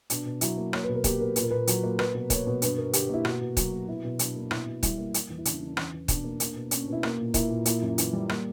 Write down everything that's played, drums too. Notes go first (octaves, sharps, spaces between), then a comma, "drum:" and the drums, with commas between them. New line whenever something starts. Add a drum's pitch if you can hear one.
B2 D4, drum: hi-hat
B2
F#3 E4, drum: hi-hat
A#3
A#3 C#5, drum: rim click
B4
B2
A#4
A#3 G4, drum: kick, hi-hat
B2 A#4
A#2 B4, drum: hi-hat
A#4
A#2 B4
F#3, drum: hi-hat
A#3
A#3 B4, drum: rim click
B2
A#3 C#5, drum: kick, hi-hat
B2
G2 B4, drum: hi-hat
G2 A#4
D3 G4, drum: hi-hat
A#3 E4
B2 F#4, drum: rim click
B2
F#3, drum: kick, hi-hat
A#3
B2 E4
B2
F#3 D4, drum: hi-hat
A#3
D4
B2 E4, drum: rim click
B2
G3 E4, drum: kick, hi-hat
A#3
A#3, drum: hi-hat
E2
E4
C#3 D4, drum: hi-hat
C#4
E3
D4
E2 C#4, drum: rim click
E2
B2 D4, drum: kick, hi-hat
A#3
A#3 D4, drum: hi-hat
B2
A#3 C#4, drum: hi-hat
D4
B2 E4
A#3, drum: rim click
A#2
A#3 E4, drum: kick, hi-hat
A#2
A#3 E4, drum: hi-hat
F#2
E3, drum: hi-hat
G3
A#3, drum: rim click